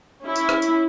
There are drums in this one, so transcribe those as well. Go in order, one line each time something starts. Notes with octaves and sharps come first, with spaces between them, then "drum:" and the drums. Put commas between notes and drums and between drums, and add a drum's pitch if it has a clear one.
C#4 E4
drum: tambourine
drum: rim click
drum: tambourine